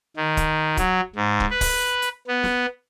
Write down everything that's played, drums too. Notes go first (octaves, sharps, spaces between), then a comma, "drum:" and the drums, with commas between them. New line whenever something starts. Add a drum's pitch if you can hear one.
D#3
drum: kick, hi-hat
F#3, drum: kick, hi-hat
G#2
drum: kick
B4
drum: kick, open hi-hat
drum: hi-hat
B3
drum: snare